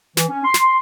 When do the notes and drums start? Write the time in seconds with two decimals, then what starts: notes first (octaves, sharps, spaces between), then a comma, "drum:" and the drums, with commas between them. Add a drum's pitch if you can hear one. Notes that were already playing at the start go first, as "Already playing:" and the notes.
0.17 E3, drum: snare
0.29 C#4
0.45 C6
0.54 drum: snare